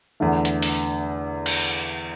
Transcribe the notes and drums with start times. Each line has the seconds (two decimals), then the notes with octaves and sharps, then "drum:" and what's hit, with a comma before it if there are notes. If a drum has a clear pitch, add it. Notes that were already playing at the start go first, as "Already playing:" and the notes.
0.20 E2 D3 A3
0.45 drum: hi-hat
0.62 drum: open hi-hat
1.46 drum: cymbal